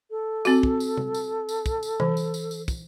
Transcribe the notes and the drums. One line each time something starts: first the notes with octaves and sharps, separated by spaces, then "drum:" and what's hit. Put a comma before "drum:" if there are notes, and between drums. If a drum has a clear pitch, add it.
A4
C4 F#4, drum: tambourine
drum: kick
drum: tambourine
drum: tom C3
drum: tambourine
drum: tambourine
drum: kick, tambourine
drum: tambourine
E3, drum: tom C3
drum: tambourine
drum: tambourine
drum: tambourine
drum: kick, tambourine